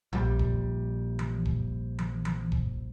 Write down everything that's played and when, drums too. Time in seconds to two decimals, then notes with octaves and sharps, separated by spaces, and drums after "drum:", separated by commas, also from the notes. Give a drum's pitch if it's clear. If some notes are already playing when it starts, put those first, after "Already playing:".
0.13 A#1 G3, drum: tom A#1
0.39 drum: kick
1.19 drum: tom E3
1.45 drum: kick
1.99 drum: tom E3
2.25 drum: tom E3
2.52 drum: kick